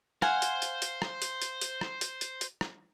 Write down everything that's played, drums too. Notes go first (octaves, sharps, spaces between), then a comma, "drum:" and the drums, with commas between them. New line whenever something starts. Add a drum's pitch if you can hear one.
C5 F5 F#5 G#5, drum: rim click
drum: hi-hat
drum: hi-hat
drum: hi-hat
drum: rim click
drum: hi-hat
drum: hi-hat
drum: hi-hat
drum: rim click
drum: hi-hat
drum: hi-hat
drum: hi-hat
drum: rim click